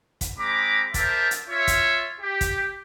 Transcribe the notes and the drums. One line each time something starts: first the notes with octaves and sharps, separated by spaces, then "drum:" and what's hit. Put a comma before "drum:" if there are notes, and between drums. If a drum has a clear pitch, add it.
drum: kick, hi-hat
G#3 C4 A#5 B5 D6
A#4 C5 D5 E5 G5 A5, drum: kick, hi-hat
drum: hi-hat
F4 C#5 E5
drum: kick, hi-hat
G4
drum: kick, hi-hat